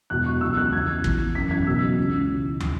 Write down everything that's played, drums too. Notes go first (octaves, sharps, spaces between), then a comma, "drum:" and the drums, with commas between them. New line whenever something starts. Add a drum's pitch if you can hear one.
E1 E2 B2 F#3 F#6
C#6
C#2 B2 F#3 E6
F#6
E2 C#3 F#3 G#6
E2 E3, drum: kick
F#1 E2 C#3 E3 B6
G#6
B1 B2 F#3 E6
C#2 C#3 E3
drum: tom